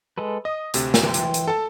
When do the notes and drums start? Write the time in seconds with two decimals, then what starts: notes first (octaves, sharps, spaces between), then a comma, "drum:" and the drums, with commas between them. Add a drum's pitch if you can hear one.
0.18 G#3 A4 B4
0.45 D#5 D#6
0.74 D2 C3, drum: hi-hat
0.94 drum: snare
1.03 E3 G5 C6
1.14 drum: hi-hat
1.34 drum: hi-hat
1.48 A4 A5